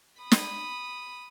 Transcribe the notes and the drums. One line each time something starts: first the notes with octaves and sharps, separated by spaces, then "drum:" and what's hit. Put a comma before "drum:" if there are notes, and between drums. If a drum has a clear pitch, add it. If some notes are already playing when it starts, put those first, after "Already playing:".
B5 D#6
drum: snare